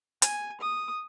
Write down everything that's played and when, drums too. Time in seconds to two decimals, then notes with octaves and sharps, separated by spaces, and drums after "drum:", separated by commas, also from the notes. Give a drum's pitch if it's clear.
0.22 G#5, drum: hi-hat
0.61 D#6